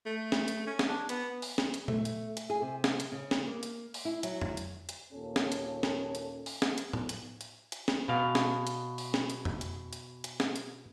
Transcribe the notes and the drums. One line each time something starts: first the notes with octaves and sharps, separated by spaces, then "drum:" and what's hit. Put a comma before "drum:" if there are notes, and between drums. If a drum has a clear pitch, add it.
A3
drum: snare
drum: hi-hat
C#4
drum: snare
D4
B3, drum: hi-hat
drum: open hi-hat
drum: snare
drum: hi-hat
A3, drum: tom A#2
drum: hi-hat
drum: hi-hat
G#4
C3
drum: snare
drum: hi-hat
C#3
drum: snare
A#3
drum: hi-hat
drum: open hi-hat
E4
F#3, drum: hi-hat
drum: tom F2
drum: hi-hat
drum: hi-hat
D#2 A#2 C#4 A4 C#5
drum: snare
drum: hi-hat
drum: snare
drum: hi-hat
drum: open hi-hat
drum: snare
drum: hi-hat
drum: tom
drum: hi-hat
drum: hi-hat
drum: hi-hat
drum: snare
B2 F5
drum: snare
drum: hi-hat
drum: open hi-hat
drum: snare
drum: hi-hat
drum: tom F2
drum: hi-hat
drum: hi-hat
drum: hi-hat
drum: snare
drum: hi-hat